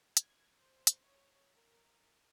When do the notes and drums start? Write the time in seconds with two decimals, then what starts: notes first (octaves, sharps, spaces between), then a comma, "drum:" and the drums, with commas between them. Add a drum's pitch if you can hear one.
0.17 G#6, drum: hi-hat
0.57 C5
0.87 drum: hi-hat
1.01 C#5
1.53 A#4